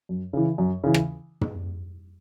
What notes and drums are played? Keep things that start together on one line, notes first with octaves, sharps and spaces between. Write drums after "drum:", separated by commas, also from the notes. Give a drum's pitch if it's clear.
F#2
C#3 E3
F#2
C#3 E3
drum: rim click
drum: tom